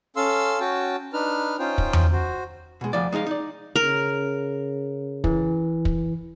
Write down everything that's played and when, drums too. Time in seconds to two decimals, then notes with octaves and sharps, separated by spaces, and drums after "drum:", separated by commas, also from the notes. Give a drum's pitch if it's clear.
0.16 C#4 A4 F5 C6 E6
0.60 C#4 F#4 G5 A5
1.13 D4 D#4 B4 F6
1.59 C#4 D#4 F4 C5 G5
1.78 drum: kick
1.93 drum: tom E2
2.13 F#4 C5
2.81 B2 G#3
2.93 D2 F3 D5
3.12 G#3 D#4 D#5 F5
3.27 D#4 D5
3.76 C#3 A#4
5.24 E3, drum: kick
5.85 drum: kick